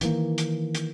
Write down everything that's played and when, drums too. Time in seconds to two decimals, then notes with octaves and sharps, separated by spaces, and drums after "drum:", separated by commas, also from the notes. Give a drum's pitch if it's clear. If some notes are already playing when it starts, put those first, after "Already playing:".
0.01 D#3 E3 A#3, drum: hi-hat
0.38 drum: hi-hat
0.75 drum: hi-hat